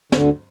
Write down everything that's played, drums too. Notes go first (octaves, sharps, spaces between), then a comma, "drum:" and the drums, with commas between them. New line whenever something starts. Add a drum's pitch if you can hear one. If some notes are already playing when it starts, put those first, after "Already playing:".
D2 D3, drum: snare